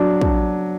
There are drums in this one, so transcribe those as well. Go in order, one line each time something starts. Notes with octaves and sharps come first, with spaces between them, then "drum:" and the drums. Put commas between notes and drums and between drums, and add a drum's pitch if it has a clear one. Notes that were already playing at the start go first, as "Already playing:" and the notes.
Already playing: F#3 D4
D4, drum: kick